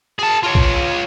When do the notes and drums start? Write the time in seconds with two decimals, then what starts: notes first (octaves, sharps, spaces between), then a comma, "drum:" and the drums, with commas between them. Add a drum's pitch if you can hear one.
0.19 G#4 A5
0.43 F4 C#5
0.55 drum: kick A#1